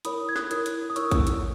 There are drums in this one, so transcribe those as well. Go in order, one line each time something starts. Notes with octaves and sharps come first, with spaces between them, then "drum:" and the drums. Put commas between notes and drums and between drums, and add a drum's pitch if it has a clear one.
E4 A#4 C#5 B5 D#6, drum: hi-hat
G#6
D#6 F#6, drum: snare
E4 A#4 C#5, drum: hi-hat
drum: hi-hat
D#6
E4 A#4 C#5 C#6 E6, drum: hi-hat
drum: kick, hi-hat
drum: hi-hat